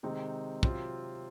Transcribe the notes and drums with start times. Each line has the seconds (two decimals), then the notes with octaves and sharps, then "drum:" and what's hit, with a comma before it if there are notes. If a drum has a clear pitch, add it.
0.03 C3 D#3 G#3 C4 D#4
0.63 C3 F#3 C4 F4, drum: kick